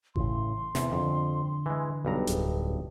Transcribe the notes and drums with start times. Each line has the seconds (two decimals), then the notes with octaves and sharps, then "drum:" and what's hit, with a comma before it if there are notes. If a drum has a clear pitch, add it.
0.16 A2 C#3 E3 C6, drum: kick G#1
0.75 E2 C3, drum: snare
0.92 F2 D3
1.66 E3 G#3
2.05 B1 G2 A#5
2.27 D1 G#4, drum: hi-hat